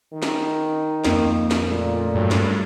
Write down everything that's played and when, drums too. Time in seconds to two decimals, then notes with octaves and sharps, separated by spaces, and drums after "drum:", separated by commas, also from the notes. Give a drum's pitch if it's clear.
0.13 D#3
0.23 drum: snare
1.04 F2 A#3, drum: snare
1.51 drum: snare
1.70 A#2 A3
2.15 G2 F#3
2.31 drum: snare